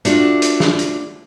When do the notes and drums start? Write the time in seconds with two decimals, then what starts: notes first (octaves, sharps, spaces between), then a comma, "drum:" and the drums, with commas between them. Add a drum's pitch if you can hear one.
0.05 A3 D4 F4 F#4, drum: hi-hat
0.42 drum: hi-hat
0.60 drum: snare
0.79 drum: hi-hat